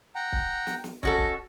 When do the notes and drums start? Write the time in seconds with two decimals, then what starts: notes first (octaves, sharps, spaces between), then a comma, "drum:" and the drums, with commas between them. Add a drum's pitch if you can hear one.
0.15 F#5 G5 A#5
0.32 drum: kick
0.67 drum: snare
0.84 drum: snare
1.03 C#4 F#4 A4 D#5 C#6, drum: kick
1.18 drum: kick